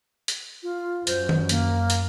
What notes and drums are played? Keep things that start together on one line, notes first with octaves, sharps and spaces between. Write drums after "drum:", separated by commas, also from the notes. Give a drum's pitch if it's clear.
drum: hi-hat
F4
F#2 C5, drum: hi-hat
drum: tom D#3
A#3, drum: hi-hat
drum: hi-hat